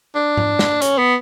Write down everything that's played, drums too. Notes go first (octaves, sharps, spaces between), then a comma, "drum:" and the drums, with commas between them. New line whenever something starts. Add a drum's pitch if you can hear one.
D4
drum: tom G#2
drum: snare
C#4, drum: hi-hat
B3